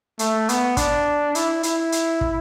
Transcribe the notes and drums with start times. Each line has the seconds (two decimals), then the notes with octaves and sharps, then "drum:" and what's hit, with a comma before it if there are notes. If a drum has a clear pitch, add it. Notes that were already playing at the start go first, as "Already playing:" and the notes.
0.19 A3, drum: hi-hat
0.49 B3, drum: hi-hat
0.77 D4, drum: kick, hi-hat
1.35 E4, drum: hi-hat
1.63 E4, drum: hi-hat
1.92 drum: hi-hat
2.21 drum: kick